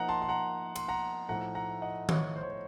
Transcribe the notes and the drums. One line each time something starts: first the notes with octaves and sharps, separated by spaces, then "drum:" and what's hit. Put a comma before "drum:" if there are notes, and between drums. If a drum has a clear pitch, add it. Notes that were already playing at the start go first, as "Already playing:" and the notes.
Already playing: F3 A#3 D#4 F#5 A#5
A5 C6
C6
F#5 A#5
C6, drum: cymbal
F#5 A#5
A2 F3 A3 D#4 F#5 A#5
F#5 A#5
D#5 F#5
C#5, drum: tom D#3
C5
C#5
C5